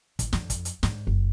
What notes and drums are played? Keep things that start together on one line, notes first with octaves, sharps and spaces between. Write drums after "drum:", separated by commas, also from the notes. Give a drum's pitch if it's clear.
A1, drum: kick, hi-hat
F2, drum: snare
drum: kick, hi-hat
drum: hi-hat
G#2, drum: snare
F#1